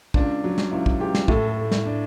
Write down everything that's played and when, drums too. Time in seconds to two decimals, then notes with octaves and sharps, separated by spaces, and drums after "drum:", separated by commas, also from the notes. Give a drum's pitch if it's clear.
0.14 C#2 D4, drum: kick
0.44 F#3
0.58 drum: snare
0.72 C#2 E4
0.86 drum: kick
1.00 C#2 G4
1.15 drum: snare
1.28 A2 A4, drum: kick
1.47 A4
1.58 A3
1.71 drum: snare
1.85 D4